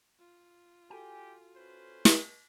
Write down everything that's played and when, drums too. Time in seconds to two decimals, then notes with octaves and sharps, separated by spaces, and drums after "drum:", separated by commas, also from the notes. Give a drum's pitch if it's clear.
0.19 F4
0.90 F#4 G4 A4 G#5
1.55 C#4 B4 C5
2.05 drum: snare